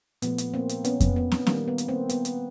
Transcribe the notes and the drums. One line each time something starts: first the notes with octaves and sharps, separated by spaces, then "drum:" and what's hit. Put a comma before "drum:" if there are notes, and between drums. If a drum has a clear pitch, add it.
A#2 F3 A3 B3, drum: hi-hat
drum: hi-hat
A#3 C4
drum: hi-hat
B3 C#4, drum: hi-hat
drum: kick F2, hi-hat
B3
drum: snare
D#3 G3 A#3, drum: snare
B3
drum: hi-hat
A#3 C4
B3, drum: hi-hat
drum: hi-hat